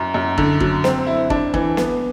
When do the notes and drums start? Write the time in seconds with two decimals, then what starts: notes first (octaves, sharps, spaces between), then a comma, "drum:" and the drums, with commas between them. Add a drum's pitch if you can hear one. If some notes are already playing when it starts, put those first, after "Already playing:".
Already playing: F#2 F#4
0.14 F#2
0.37 D3, drum: kick
0.60 F#3, drum: kick
0.84 C4, drum: snare
1.07 E4
1.30 D4, drum: kick
1.54 E3, drum: kick
1.77 B3, drum: snare